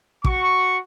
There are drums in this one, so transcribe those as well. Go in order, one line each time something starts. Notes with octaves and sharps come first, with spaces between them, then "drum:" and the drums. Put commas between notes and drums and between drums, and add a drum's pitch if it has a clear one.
F#4 C#6, drum: kick